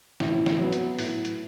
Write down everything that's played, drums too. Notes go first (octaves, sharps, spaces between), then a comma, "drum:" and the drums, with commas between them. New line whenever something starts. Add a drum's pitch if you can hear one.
A2, drum: snare
drum: snare
F#3 B3
drum: hi-hat
A2, drum: open hi-hat
drum: hi-hat